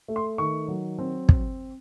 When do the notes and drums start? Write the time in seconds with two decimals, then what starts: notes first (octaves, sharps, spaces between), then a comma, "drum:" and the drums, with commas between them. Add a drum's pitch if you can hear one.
0.08 A3
0.16 C6
0.38 D#3 C#6
0.68 F#3
0.99 C4
1.29 drum: kick